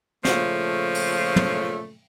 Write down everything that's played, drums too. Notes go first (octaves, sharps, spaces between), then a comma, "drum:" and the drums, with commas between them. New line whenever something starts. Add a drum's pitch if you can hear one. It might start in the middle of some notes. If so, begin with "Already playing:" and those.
A#2 C#3 F3 A3, drum: snare
drum: open hi-hat
drum: tom